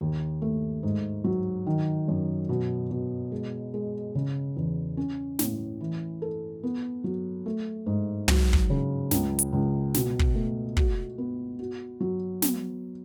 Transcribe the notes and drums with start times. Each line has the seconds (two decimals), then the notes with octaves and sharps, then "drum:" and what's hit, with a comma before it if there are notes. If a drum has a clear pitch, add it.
0.01 D#2
0.42 A3
0.83 G#2
1.24 F#3
1.66 D#3
2.08 F#2
2.49 B2
2.91 B2
3.32 G#3
3.74 G#3
4.15 C#3
4.57 E2
4.97 C#4
5.39 A2, drum: snare
5.81 E3
6.22 A4
6.63 B3
7.04 F#3
7.46 A3
7.86 G#2
8.28 F#3, drum: tom
8.53 drum: kick
8.70 C#3
9.11 C#2, drum: snare
9.39 drum: hi-hat
9.53 C#2
9.94 B2, drum: snare
10.19 drum: kick
10.35 A3
10.77 F#4, drum: kick
11.18 B3
11.59 F#4
12.01 F#3
12.42 B3, drum: snare